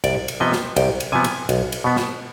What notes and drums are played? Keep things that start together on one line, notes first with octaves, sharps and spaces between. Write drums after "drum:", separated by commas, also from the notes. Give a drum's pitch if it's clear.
C2 D5, drum: cymbal
drum: cymbal
C3 F3 B3 D#5
drum: snare
C2 G5, drum: cymbal
drum: cymbal
C3 F3 B3 G#5
drum: cymbal
B1, drum: cymbal
drum: cymbal
B2 B3
drum: snare